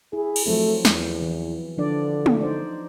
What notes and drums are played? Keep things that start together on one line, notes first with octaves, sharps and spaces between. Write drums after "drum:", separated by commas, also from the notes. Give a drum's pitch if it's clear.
E4 G#4
drum: cymbal
F3 F#3 A3 C4
E2, drum: snare
E3
D3 F3 D4 D5
drum: tom
D#4 C5 D5